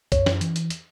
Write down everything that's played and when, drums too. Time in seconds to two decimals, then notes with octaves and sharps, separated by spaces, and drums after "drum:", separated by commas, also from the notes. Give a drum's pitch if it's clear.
0.12 F#2 C#5, drum: kick B1, hi-hat
0.26 drum: snare
0.41 E3, drum: hi-hat
0.56 drum: hi-hat
0.70 drum: hi-hat